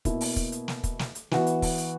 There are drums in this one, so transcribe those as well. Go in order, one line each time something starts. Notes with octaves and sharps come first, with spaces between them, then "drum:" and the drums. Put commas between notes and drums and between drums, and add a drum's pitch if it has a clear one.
B2 A#3 E4, drum: kick, hi-hat
drum: open hi-hat
drum: kick, hi-hat
drum: hi-hat
drum: snare
drum: kick, hi-hat
drum: snare
drum: hi-hat
E3 B3 F#4, drum: snare
drum: hi-hat
drum: kick, open hi-hat
drum: hi-hat